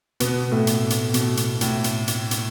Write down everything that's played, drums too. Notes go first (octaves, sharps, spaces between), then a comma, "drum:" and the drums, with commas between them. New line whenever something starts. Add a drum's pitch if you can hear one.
B2 B3, drum: hi-hat
A2 A3
drum: hi-hat
drum: hi-hat
B2, drum: hi-hat
drum: hi-hat
A2, drum: hi-hat
drum: hi-hat
drum: hi-hat
drum: hi-hat